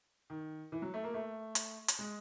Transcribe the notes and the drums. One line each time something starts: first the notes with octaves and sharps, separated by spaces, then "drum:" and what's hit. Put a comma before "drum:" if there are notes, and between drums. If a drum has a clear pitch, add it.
D#3
E3
F#3
A3
A#3
A3
drum: hi-hat
drum: hi-hat
G#3